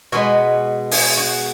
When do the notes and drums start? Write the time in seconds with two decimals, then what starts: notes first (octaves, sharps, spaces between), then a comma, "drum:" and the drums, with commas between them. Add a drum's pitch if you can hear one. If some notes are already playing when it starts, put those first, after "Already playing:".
0.12 B2 G#3 B3 F#4
0.91 G#4, drum: open hi-hat
1.17 F#4